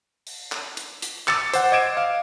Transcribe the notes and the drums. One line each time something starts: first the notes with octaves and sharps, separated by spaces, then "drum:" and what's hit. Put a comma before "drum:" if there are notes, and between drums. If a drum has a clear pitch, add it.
drum: open hi-hat
drum: clap
drum: hi-hat
drum: hi-hat
D6 E6 A6 C#7, drum: clap
C5 F#5, drum: hi-hat
D#5 D6 G#6 D7 E7
F5